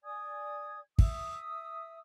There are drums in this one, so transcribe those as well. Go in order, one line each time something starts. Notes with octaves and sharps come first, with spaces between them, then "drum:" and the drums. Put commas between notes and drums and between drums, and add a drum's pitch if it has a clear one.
D5 G#5 D#6 G#6
E5 D#6 E6, drum: kick